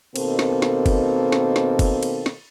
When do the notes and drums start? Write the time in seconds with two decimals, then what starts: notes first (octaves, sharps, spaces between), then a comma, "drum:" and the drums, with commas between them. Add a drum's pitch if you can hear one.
0.16 B2 D#3 A#3 C4 A4, drum: cymbal
0.39 drum: snare
0.62 drum: snare
0.86 drum: kick, cymbal
1.32 drum: snare
1.56 drum: snare
1.79 drum: kick, cymbal
2.03 drum: cymbal
2.26 drum: snare